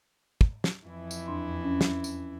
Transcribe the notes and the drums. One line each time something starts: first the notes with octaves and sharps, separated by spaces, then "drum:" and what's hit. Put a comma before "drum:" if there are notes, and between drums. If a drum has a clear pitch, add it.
drum: kick
drum: snare
F2 E3 E4
drum: tambourine
E2 D4 C6
C#4
drum: snare
drum: tambourine